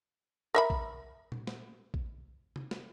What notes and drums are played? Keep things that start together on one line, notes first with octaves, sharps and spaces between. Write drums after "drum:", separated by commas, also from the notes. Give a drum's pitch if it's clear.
A#4 E5 B5
drum: kick A#1
drum: tom A#2
drum: snare
drum: kick A#1
drum: tom C3
drum: snare